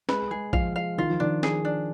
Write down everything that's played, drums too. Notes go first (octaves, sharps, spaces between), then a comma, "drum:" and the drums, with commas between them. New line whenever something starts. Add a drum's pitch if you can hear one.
G#3 B4, drum: snare
G#3 G#4
F3 F5, drum: kick
F5
D#3 F4
F3
D#3 D4
G#4, drum: snare
D4